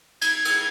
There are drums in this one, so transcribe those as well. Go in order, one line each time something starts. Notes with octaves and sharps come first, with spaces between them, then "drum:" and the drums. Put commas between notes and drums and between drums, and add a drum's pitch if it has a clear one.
G#6, drum: cymbal
drum: cymbal